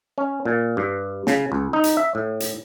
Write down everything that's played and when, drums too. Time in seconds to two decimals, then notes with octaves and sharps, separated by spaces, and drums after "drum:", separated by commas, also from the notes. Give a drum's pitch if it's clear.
0.18 C#4
0.45 A#2
0.77 G2
1.27 C#3, drum: snare
1.52 C#2
1.73 D#4
1.84 drum: hi-hat
1.97 E5
2.15 A2
2.40 drum: hi-hat